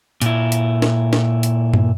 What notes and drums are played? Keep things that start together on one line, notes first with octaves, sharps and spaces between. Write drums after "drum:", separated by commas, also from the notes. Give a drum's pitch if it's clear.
A#2 E4, drum: hi-hat
drum: hi-hat
drum: snare
drum: snare
drum: hi-hat
drum: tom G2